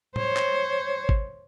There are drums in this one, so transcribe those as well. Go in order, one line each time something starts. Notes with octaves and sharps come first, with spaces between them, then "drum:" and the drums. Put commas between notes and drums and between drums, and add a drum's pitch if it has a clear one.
C5 C#5, drum: tom A2
drum: clap
drum: kick G#1